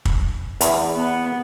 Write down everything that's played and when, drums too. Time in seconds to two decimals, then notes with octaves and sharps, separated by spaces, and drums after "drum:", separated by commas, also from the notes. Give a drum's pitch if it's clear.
0.05 drum: kick
0.61 E2, drum: hi-hat
0.95 B3